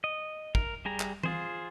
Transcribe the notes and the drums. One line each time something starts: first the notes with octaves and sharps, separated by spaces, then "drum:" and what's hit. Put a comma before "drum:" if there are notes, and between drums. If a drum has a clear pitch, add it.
D#5
A#4, drum: kick
G3 G4 G#4 A#5
drum: clap
F4 G#4 C5, drum: tom E3